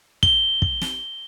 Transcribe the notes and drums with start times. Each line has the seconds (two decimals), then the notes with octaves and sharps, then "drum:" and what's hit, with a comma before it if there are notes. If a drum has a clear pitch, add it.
0.23 G7, drum: kick
0.62 drum: kick
0.81 drum: snare